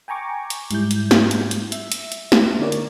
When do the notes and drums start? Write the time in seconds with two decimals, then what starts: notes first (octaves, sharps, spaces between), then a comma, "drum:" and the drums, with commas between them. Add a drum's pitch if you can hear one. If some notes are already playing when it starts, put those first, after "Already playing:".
0.08 G5 G#5 A#5 C#6 D6
0.50 drum: hi-hat
0.71 G#2 G3 E4 G6, drum: hi-hat
0.91 drum: hi-hat
1.11 drum: snare
1.31 drum: hi-hat
1.51 drum: hi-hat
1.72 E5, drum: hi-hat
1.92 drum: hi-hat
2.12 drum: hi-hat
2.32 drum: snare
2.59 D3 D4 D#4 A#4 C#5 D5
2.72 drum: hi-hat